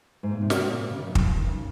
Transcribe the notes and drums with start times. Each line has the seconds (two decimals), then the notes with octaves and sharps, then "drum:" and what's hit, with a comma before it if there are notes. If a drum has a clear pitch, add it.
0.23 G#2
0.32 A#2
0.41 C3
0.50 C#3, drum: snare
0.61 A#2
0.72 A#2
0.91 C#3
0.99 D#3
1.06 F3
1.15 F#3, drum: kick
1.25 F3
1.37 D#3
1.47 C#3